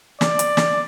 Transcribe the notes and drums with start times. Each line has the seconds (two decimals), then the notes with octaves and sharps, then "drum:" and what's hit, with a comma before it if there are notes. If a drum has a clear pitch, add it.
0.21 D5, drum: snare
0.39 drum: hi-hat
0.57 drum: snare